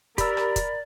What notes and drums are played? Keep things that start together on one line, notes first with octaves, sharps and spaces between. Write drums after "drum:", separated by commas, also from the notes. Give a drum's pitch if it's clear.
G4 A#4 D5 B5 E6, drum: kick, hi-hat
drum: rim click
drum: kick, hi-hat